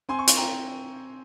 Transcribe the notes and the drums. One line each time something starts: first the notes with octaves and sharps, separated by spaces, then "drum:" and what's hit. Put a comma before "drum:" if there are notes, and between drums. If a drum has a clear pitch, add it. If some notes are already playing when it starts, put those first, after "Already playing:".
C4 G#5 C6
C#6
C6, drum: hi-hat
G5 A#5